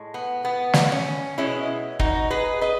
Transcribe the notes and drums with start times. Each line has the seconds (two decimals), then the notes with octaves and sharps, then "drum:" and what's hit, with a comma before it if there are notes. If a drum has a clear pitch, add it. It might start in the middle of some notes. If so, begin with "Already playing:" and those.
Already playing: A2 G#3
0.14 B3
0.45 B3
0.73 drum: snare
0.92 C#4
1.38 B2 G#3 C#4 E4
1.99 D#4 F#4, drum: kick
2.31 G#4 B4
2.61 B4 D#5